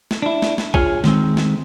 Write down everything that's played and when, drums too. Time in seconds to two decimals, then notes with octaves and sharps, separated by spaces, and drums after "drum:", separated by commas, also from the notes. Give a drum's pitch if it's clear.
0.11 drum: snare
0.22 D4 E4
0.42 drum: snare
0.58 drum: snare
0.74 F4 G#4 C#5 G#5, drum: kick A#1
1.04 D#3 G#3 C4, drum: snare
1.37 drum: snare